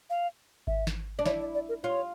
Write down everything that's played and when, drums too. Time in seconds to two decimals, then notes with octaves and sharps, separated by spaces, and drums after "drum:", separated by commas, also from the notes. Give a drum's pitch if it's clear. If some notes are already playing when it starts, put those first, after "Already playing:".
0.10 F5
0.67 E5, drum: kick G#1
0.87 drum: snare
1.19 D4
1.26 E4 C#5, drum: snare
1.40 D5
1.54 D5
1.69 A#4
1.83 F4 C#5